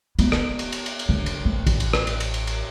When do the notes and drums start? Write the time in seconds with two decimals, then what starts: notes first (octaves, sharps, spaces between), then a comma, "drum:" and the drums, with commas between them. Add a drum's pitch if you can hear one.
0.19 B3, drum: cymbal
0.32 drum: rim click
0.59 drum: cymbal
0.72 drum: cymbal
0.86 drum: cymbal
0.99 drum: cymbal
1.09 D3
1.26 drum: cymbal
1.45 A1
1.67 drum: kick, cymbal
1.80 drum: cymbal
1.93 drum: rim click
2.07 drum: cymbal
2.20 drum: cymbal
2.34 drum: cymbal
2.47 drum: cymbal